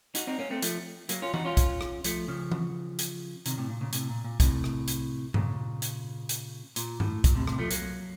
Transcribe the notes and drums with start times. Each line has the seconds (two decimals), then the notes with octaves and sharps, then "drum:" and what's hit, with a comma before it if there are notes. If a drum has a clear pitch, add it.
0.15 D#4 F#4, drum: hi-hat
0.27 C4 D#4
0.39 A#3 C#4
0.51 A3 C4
0.62 F3 A3, drum: hi-hat
1.09 F#3 A#3, drum: hi-hat
1.22 C#4 F4
1.34 D#4 F#4, drum: tom E3
1.45 C#4 F4
1.57 drum: kick B1, hi-hat
1.81 drum: rim click
2.04 F3 A3, drum: hi-hat
2.28 C#3 F3
2.52 drum: tom E3
2.99 drum: hi-hat
3.46 C3 D#3, drum: hi-hat
3.57 A2 C3
3.69 A#2
3.81 A#2 C#3
3.93 A2 C3, drum: hi-hat
4.10 A#2
4.25 A#2
4.40 A2 C3, drum: kick B1, hi-hat
4.64 drum: rim click
4.88 drum: hi-hat
5.34 A#2 C#3, drum: tom G2
5.82 drum: hi-hat
6.29 drum: hi-hat
6.76 A#2, drum: hi-hat
7.00 A2, drum: tom G2
7.24 A#2, drum: kick B1, hi-hat
7.35 A2 C3
7.47 A2 C3, drum: rim click
7.59 F3 A3
7.71 F#3 A#3, drum: hi-hat